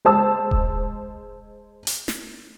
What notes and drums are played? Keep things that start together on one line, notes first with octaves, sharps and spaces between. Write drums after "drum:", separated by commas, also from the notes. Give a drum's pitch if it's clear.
G#3 C5 A5 E6
drum: kick D#1
drum: hi-hat
drum: snare